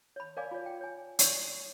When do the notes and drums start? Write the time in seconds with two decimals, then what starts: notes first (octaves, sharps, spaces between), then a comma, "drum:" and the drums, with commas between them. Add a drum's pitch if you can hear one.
0.16 C#5 B5
0.37 A#4 C#5 D5 F5 G#5 D6
0.51 F4 C#5
0.66 G5
0.81 C#5 G#5
1.19 C#5 D5 C#6, drum: hi-hat